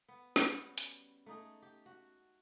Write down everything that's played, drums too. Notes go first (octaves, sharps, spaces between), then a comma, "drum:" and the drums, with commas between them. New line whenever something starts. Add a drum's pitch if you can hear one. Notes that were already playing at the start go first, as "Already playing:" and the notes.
B3
G3 B3 C#4 F#4, drum: snare
drum: hi-hat
A3 D#4 G#4
G4
F#4